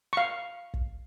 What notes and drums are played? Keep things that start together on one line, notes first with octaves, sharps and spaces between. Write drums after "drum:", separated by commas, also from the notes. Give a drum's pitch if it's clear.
F5 C#6
drum: kick